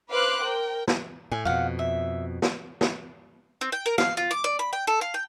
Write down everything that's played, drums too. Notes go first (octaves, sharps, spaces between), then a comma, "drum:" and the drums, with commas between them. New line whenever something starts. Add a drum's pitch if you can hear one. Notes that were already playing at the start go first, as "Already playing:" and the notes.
B4 C5 F5 D6 F#6
A#4 G5
drum: snare
A2 G#5
F2 B2 F5 F#5
E5
drum: snare
drum: snare
C4
G5
A#4
F5, drum: snare
F4
D6
D5
B5
G5
A4
F5
G5